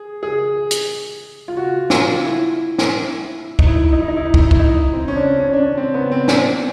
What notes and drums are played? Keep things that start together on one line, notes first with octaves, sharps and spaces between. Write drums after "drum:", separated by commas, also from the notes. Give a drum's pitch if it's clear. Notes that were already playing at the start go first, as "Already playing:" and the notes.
Already playing: G#4
G#4
drum: hi-hat
F4
F#4
F4, drum: snare
E4
drum: snare
D#4, drum: kick
E4
D#4
E4
D#4
E4
D#4
E4
D#4
E4, drum: kick
D#4
E4, drum: kick
D#4
C4
C#4
D4
C#4
D4
C#4
C4
B3
C4
D4, drum: snare